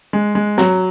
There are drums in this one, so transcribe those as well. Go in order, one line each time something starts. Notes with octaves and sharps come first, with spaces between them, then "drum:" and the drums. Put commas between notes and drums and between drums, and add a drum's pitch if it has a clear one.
G#3
G#3
F#3, drum: snare